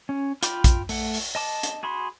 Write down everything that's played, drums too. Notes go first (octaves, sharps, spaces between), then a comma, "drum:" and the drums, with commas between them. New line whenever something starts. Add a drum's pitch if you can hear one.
C#4
F4 G5 B5 D6, drum: hi-hat
drum: kick A#1, hi-hat
A3 F#5, drum: open hi-hat
drum: open hi-hat
D#5 A5 D6
drum: hi-hat
F#4 G#4 B5 C6